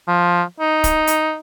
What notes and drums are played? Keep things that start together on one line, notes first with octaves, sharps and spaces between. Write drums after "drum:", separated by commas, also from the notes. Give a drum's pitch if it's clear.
F3
D#4
drum: kick, hi-hat
drum: hi-hat